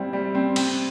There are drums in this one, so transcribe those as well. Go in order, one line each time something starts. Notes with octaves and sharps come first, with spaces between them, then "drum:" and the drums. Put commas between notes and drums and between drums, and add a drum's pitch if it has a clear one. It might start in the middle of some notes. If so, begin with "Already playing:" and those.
Already playing: G3 C4 E4
G3
C4
C4, drum: cymbal